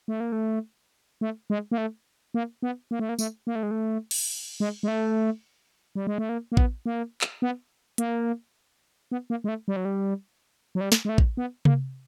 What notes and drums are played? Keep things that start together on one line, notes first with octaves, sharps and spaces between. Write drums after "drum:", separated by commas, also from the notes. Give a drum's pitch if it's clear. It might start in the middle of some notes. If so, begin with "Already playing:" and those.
A3
A#3
A3
A3
G#3
A#3
A3
A#3
B3
A#3
A3
A#3
A3, drum: tambourine
A#3
A3
G#3
A3
drum: cymbal
G#3
G#3
A3
G3
G#3
A3
A#3
A#3
B3, drum: kick A1
A#3
drum: clap
B3
A#3, drum: hi-hat
B3
A#3
G#3
A3
G3
F#3
G3
F#3
G3
drum: snare
G#3
A3
drum: kick A1
B3
A#3, drum: tom C3